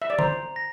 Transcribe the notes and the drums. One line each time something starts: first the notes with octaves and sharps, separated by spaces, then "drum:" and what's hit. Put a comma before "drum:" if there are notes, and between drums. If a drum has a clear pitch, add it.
E5
D5
C5 A#5, drum: tom D3
A#6